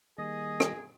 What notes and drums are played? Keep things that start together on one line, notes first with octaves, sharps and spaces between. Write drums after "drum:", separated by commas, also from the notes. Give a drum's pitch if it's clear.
D#3 G3 A#3 G#4 D#5
drum: rim click